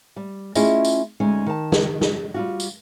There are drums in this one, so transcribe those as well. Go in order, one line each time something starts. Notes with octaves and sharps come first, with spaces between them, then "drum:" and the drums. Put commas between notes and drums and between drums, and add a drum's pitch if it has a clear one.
G3
A3 C#4 E4 F4 G#4 D#5, drum: tambourine
drum: tambourine
D2 G#3 C#4 D#4
D#3 A5
drum: snare
drum: snare
G3 F4 F#4
drum: tambourine